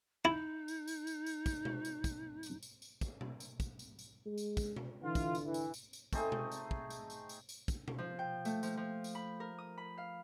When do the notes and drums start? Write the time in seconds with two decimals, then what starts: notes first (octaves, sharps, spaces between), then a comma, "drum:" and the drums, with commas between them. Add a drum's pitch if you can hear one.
0.25 D#4 E4
0.68 drum: tambourine
0.87 drum: tambourine
1.07 drum: tambourine
1.26 drum: tambourine
1.46 drum: kick, tambourine
1.65 drum: tom B2
1.85 drum: tambourine
2.04 drum: kick, tambourine
2.43 drum: tambourine
2.63 drum: tambourine
2.82 drum: tambourine
3.01 drum: kick, tambourine
3.21 drum: tom B2
3.40 drum: tambourine
3.60 drum: kick, tambourine
3.79 drum: tambourine
3.99 drum: tambourine
4.26 G#3
4.38 drum: tambourine
4.57 drum: kick, tambourine
4.76 drum: tom B2
5.04 D3 E3 F4
5.15 drum: kick, tambourine
5.35 drum: tambourine
5.45 E3
5.54 drum: tambourine
5.74 drum: tambourine
5.93 drum: tambourine
6.13 A3 C4 D#4 G#4, drum: kick, tambourine
6.32 drum: tom B2
6.51 drum: tambourine
6.71 drum: kick
6.90 drum: tambourine
7.10 drum: tambourine
7.29 drum: tambourine
7.49 drum: tambourine
7.68 drum: kick, tambourine
7.88 drum: tom B2
7.98 F3
8.19 G5
8.45 A3, drum: tambourine
8.63 F3, drum: tambourine
8.77 F3
9.04 drum: tambourine
9.15 B5
9.40 A#4
9.58 D#6
9.78 B5
9.98 F5